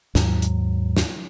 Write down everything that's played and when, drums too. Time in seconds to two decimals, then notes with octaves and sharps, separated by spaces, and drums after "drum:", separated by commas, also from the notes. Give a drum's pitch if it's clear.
0.15 D#2 G#2 F#3, drum: snare
0.42 drum: hi-hat
0.97 drum: snare